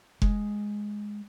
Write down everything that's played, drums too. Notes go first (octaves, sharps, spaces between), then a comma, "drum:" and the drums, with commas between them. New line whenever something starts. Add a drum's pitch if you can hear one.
G#3, drum: kick F1